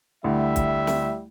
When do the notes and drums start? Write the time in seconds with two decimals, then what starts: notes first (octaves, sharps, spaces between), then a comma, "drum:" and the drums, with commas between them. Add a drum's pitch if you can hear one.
0.24 D2 G3 A3 E4 E5
0.56 drum: kick, hi-hat
0.87 drum: snare